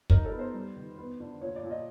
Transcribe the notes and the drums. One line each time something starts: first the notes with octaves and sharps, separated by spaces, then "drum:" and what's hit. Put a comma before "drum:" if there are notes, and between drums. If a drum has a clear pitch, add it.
D#4 A#4, drum: kick
A4
B3
C5
G3
D#3
B3
D3
A#2 C#5
D5
A#2
D#5